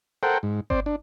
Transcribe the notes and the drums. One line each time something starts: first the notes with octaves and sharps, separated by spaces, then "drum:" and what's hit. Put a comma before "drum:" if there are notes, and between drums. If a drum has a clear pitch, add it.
A4 A#4 C5 F#5 G5
G#2
C4 C5 D5, drum: kick G1
D4